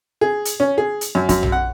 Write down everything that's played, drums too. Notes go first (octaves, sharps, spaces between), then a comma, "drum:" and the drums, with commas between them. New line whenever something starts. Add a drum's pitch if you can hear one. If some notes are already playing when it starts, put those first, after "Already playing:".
G#4
drum: hi-hat
C#4
G#4
drum: hi-hat
F#2
F#2, drum: kick, hi-hat
drum: tom
F#5